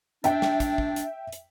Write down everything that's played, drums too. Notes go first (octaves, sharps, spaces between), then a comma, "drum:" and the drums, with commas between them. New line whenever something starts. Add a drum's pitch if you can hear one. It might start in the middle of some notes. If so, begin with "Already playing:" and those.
D4 E5 G5, drum: hi-hat
drum: snare
drum: kick, hi-hat
drum: kick
drum: hi-hat
drum: hi-hat